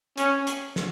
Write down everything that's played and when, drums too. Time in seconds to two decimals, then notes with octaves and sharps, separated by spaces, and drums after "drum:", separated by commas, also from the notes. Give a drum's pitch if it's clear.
0.18 C#4, drum: hi-hat
0.47 drum: hi-hat
0.76 drum: snare